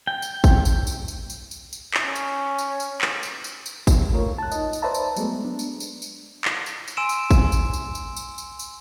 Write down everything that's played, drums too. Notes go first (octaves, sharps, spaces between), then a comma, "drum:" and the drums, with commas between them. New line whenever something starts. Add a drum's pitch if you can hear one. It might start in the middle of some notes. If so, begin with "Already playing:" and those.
G5
drum: tambourine
drum: kick, tambourine
drum: tambourine
drum: tambourine
drum: tambourine
drum: tambourine
drum: tambourine
drum: tambourine
drum: clap
C#4
drum: tambourine
drum: tambourine
drum: tambourine
drum: clap
drum: tambourine
drum: tambourine
drum: tambourine
drum: kick, tambourine
A3 F4 A#4 C#5
A5 F#6
D#4 D#5, drum: tambourine
drum: tambourine
B4 C5 D5 E5 A5 A#5
drum: tambourine
F#3 G#3 A3 B3, drum: tambourine
B3 D4
drum: tambourine
drum: tambourine
drum: tambourine
drum: clap
drum: tambourine
drum: tambourine
G#5 C6 E6 D7 E7
drum: tambourine
drum: kick, tambourine
drum: tambourine
drum: tambourine
drum: tambourine
drum: tambourine
drum: tambourine
drum: tambourine